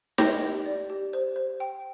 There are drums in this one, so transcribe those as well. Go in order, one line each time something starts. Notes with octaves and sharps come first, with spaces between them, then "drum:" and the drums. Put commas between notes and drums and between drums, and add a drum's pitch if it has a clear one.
G5 G6 A#6, drum: snare D#4
G4
D5
G4
C5
C5
G5